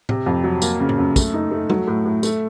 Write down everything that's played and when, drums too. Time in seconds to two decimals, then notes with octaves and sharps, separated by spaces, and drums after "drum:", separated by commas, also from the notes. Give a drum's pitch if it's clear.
0.09 C3, drum: tom A2
0.26 F2
0.44 F#3
0.62 A#3, drum: tambourine
0.80 C#3
0.89 drum: tom A2
0.98 F#2
1.16 A3, drum: kick, tambourine
1.34 D#4
1.51 A3
1.70 F#3, drum: tom
1.87 A2
2.05 A2
2.23 A3, drum: tambourine